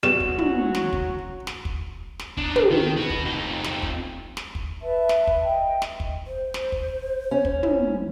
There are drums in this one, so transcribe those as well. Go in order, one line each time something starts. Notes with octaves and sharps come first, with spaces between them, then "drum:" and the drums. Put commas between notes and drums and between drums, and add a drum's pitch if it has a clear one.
F#3 G3 B3 C#4 F#4 E7
drum: kick
drum: tom
drum: snare
drum: kick
drum: snare
drum: kick
drum: snare
D4 D#4, drum: kick
drum: tom
D#3
F#4 B4
drum: kick
F2 D#4
drum: snare
drum: kick
drum: snare
drum: kick
B4 E5 A5
drum: snare
drum: kick
D#5 G5
drum: snare
drum: kick
C5
drum: snare
drum: kick
C#4
drum: kick
drum: tom